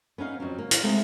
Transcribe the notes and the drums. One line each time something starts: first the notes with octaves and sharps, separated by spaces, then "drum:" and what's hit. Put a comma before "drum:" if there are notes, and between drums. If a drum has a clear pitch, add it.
B3 C#4 D#4 F5
F2 C#3 F#3
A#3
D#3 C5 F5, drum: hi-hat
C3 G#3 A3 B3 C4